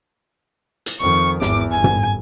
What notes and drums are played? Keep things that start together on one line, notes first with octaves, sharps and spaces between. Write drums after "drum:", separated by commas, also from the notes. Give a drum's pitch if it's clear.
drum: hi-hat
F2 D#3 C#6
G#1 E2 D6, drum: snare
G1 G#5
drum: tom